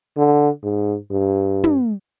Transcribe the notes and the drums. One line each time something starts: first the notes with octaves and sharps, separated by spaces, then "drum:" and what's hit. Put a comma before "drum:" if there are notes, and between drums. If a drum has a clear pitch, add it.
D3
G#2
G2
drum: tom